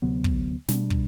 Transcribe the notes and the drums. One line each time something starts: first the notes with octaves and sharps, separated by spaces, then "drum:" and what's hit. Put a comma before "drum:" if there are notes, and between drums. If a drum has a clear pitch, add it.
D2 C3 F#3 B3
drum: kick
B2 G3 D4, drum: snare
drum: kick